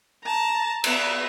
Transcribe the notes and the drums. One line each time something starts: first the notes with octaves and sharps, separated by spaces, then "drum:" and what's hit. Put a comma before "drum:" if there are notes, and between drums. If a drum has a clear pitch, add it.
A5 A#5
B3 E5, drum: cymbal